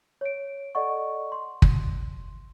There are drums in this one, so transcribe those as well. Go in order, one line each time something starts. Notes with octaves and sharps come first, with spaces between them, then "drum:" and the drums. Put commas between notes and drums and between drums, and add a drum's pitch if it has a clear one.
C#5 D7
A4 D5 D#5 F#5 C#6
C6
drum: kick